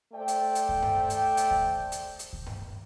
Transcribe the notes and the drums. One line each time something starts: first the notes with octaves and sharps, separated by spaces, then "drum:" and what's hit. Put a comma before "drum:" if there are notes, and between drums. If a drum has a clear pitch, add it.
A3 C5 D5 G5
drum: hi-hat
drum: hi-hat
drum: kick D2
drum: tom G2
drum: hi-hat
drum: hi-hat
drum: kick D2
drum: hi-hat
drum: hi-hat
drum: kick D2
drum: tom G2